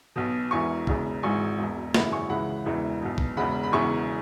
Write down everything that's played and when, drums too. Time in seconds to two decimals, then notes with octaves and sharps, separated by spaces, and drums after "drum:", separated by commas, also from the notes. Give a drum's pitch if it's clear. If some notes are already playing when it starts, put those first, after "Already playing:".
0.16 B1 B2
0.51 E1 E2 E3 G#5 C#6
0.87 E1 E2 C#3, drum: kick
1.23 G#1 G#2 E3 G#5 C#6
1.58 E1 E2 B2
1.94 G#1 F#2 C#3 E3 F#5 B5, drum: snare
2.12 G#5 C#6
2.30 C#2 C#3 E3 F#5 B5
2.66 E1 E2 C#3 E3
3.02 B1 B2
3.18 drum: kick
3.37 E1 E2 C#3 F#5 B5
3.63 B5
3.72 E1 E2 C#3 E3 G#5 C#6